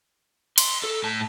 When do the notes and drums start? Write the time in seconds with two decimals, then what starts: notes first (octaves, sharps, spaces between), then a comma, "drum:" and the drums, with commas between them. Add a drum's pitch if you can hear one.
0.58 C6, drum: cymbal
0.84 A4
1.04 A2 A5